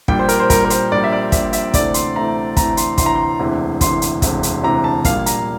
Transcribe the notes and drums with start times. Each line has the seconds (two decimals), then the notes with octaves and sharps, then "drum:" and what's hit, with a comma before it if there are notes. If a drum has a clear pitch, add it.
0.08 A#1 A#2 G3 G5, drum: kick
0.19 C5
0.29 A#4, drum: hi-hat
0.40 C5
0.50 A#1 A#2 G3 A#4, drum: kick, hi-hat
0.65 A#4
0.70 C5, drum: hi-hat
0.92 A#1 A#2 G3 D5
1.04 E5
1.13 D5
1.32 A#1 A#2 G3 E5, drum: kick, hi-hat
1.53 E5, drum: hi-hat
1.74 D2 C3 E3 A3 C4 D5, drum: kick, hi-hat
1.94 C6, drum: hi-hat
2.15 D2 C3 E3 A3 C4 A#5
2.57 D2 C3 E3 A3 C4 A#5, drum: kick, hi-hat
2.77 C6, drum: hi-hat
2.98 D2 C3 E3 A3 C4 C6, drum: kick, hi-hat
3.06 A#5
3.15 C6
3.40 E1 D2 C3 E3
3.81 E1 D2 C3 E3 C6, drum: kick, hi-hat
4.02 drum: hi-hat
4.22 E1 D2 C3 E3, drum: kick, hi-hat
4.43 drum: hi-hat
4.63 E1 D2 C3 E3 A#5
4.84 A5
5.05 A#1 A#2 G3 A#3 F5, drum: kick, hi-hat
5.26 A#5, drum: hi-hat